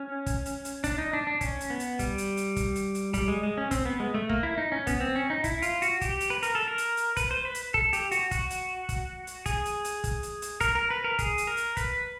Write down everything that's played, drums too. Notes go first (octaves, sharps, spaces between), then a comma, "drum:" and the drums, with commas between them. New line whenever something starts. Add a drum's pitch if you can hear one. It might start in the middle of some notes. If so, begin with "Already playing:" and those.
Already playing: C#4
drum: kick, hi-hat
drum: hi-hat
drum: hi-hat
D4, drum: kick, hi-hat
D#4
D4
D4
C#4, drum: kick, hi-hat
drum: hi-hat
B3
drum: hi-hat
G3, drum: kick, hi-hat
drum: hi-hat
drum: hi-hat
drum: kick, hi-hat
drum: hi-hat
drum: hi-hat
G3, drum: kick, hi-hat
G#3
G#3
C#4
C4, drum: kick, hi-hat
B3
G#3
A3
A#3, drum: kick
E4
D#4
C#4
B3, drum: kick, hi-hat
C4
C#4
D#4
E4, drum: kick, hi-hat
F4, drum: hi-hat
F#4, drum: hi-hat
G4, drum: kick, hi-hat
drum: hi-hat
B4
A#4, drum: hi-hat
A4
A#4
drum: hi-hat
drum: hi-hat
B4, drum: kick, hi-hat
C5
B4
drum: hi-hat
A4, drum: kick
G4, drum: hi-hat
F#4, drum: hi-hat
F#4, drum: kick, hi-hat
drum: hi-hat
drum: kick, hi-hat
drum: hi-hat
G#4, drum: kick, hi-hat
drum: hi-hat
drum: hi-hat
drum: kick, hi-hat
drum: hi-hat
drum: hi-hat
A#4, drum: kick, hi-hat
A#4
B4
A#4
G#4, drum: kick, hi-hat
drum: hi-hat
A#4
drum: hi-hat
B4, drum: kick, hi-hat